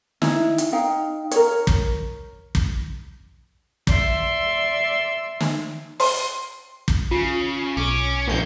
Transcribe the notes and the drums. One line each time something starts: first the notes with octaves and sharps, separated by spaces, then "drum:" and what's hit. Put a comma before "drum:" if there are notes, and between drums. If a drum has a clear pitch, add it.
D#4 E4, drum: snare
drum: hi-hat
D#4 F5 G5
A#4 C#5, drum: hi-hat
drum: kick
drum: kick
D5 E5 C6 E6, drum: kick
drum: snare
C6, drum: open hi-hat
drum: kick
C#3 F4
B1 C#4 D6
A#1 G2 A#3 G6